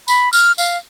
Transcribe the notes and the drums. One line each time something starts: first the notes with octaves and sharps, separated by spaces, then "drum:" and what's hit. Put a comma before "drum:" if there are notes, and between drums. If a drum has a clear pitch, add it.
B5, drum: tambourine
F6, drum: tambourine
F5, drum: tambourine